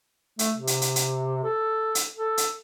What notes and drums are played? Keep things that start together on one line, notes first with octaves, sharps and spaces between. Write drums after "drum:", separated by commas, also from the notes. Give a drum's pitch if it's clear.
A3, drum: hi-hat
C3
drum: hi-hat
drum: hi-hat
drum: hi-hat
A4
drum: hi-hat
A4
drum: hi-hat